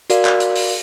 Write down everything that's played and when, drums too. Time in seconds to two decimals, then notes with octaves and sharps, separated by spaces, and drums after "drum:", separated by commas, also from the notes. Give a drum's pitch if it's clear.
0.10 F#4 A#4 D5 F5, drum: hi-hat
0.25 drum: clap
0.40 drum: hi-hat
0.55 drum: open hi-hat